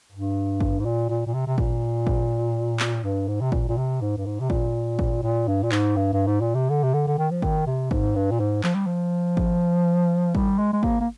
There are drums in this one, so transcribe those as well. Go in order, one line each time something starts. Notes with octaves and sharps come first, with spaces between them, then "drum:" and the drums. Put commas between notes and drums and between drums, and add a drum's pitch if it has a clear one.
G2
drum: kick G#1
G#2
A#2
A#2
A#2
C3
C3
A#2, drum: kick G#1
drum: kick G#1
drum: clap
G2
G#2
C3
A#2, drum: kick G#1
A#2
C3
G#2
G2
G#2
C3
A#2, drum: kick G#1
drum: kick G#1
A#2
G2
A#2
G#2, drum: clap
G2
G2
G#2
A#2
C3
D3
C3
D3
D3
D#3
F3
D#3, drum: kick G#1
C3
G#2, drum: kick G#1
G2
A#2
G#2
F3, drum: clap
G3
F3
drum: kick G#1
G3, drum: kick G#1
G#3
G#3
A#3, drum: kick G#1
A#3